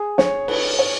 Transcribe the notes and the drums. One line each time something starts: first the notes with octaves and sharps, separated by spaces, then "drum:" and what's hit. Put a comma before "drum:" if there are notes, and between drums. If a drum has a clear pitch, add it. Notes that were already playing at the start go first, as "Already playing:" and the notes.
Already playing: G#4
C#5, drum: snare
B4, drum: cymbal
C#5